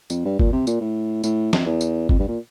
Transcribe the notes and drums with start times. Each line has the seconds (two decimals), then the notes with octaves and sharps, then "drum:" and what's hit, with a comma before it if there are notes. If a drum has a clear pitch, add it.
0.10 F2, drum: tambourine
0.25 G2
0.39 A#2, drum: kick G1
0.53 C3
0.67 A#2, drum: tambourine
0.81 A2
1.24 A2, drum: tambourine
1.53 F2, drum: snare
1.66 E2
1.81 drum: tambourine
2.09 F2, drum: kick G1
2.19 G2
2.28 A#2